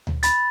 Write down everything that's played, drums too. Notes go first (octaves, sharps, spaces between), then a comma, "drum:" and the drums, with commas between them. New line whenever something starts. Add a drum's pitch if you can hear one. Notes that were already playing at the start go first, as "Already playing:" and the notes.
drum: tom D2
B5 A6, drum: hi-hat